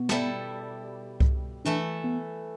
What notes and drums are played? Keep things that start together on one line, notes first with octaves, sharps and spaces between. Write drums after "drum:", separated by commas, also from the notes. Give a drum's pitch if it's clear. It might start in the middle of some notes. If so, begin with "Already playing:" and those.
Already playing: B2 B3
G3 E4 A4, drum: snare
drum: kick C2
E3 A3 D4 E4 A4
B3